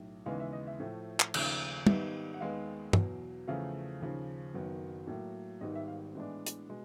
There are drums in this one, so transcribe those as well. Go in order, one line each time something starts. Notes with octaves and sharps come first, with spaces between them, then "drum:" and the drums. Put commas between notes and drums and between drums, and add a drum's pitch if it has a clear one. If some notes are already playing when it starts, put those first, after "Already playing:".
Already playing: B1 A2
D#2 C#3 E3 G#3 B3 F5
E5
D#5
E5
A2 F3 A3
drum: clap
D#2 C#3 F3 A3, drum: cymbal
G#2 D#3 G3 B3 D#4 E5, drum: tom
F#5
D#2 D#3 G#3 B3 F5
E2 B2 F#3, drum: tom
E2 C#3 F3 A3 F5
D#2 C#3 F3
F#1 F#2 D#3 F#3 B3
A2 F#3 A#3
G#1 G#2 D#3 G3 B3 D#5
E5
F5
A2 E3 G#3 B3 D4
drum: hi-hat
B2 G#3